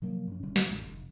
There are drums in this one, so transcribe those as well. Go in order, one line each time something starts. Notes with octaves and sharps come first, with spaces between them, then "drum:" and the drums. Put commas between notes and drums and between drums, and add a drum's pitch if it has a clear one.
C3 F3 F#3 A#3
F#2 C#4
E1 D3 G3 C#4
D3 E3 A3, drum: snare
A1 F2 D3
F1